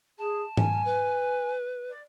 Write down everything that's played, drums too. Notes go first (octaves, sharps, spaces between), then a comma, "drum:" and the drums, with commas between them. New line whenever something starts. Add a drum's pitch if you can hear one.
G#4 A5
G#5, drum: tom G#2
B4
D5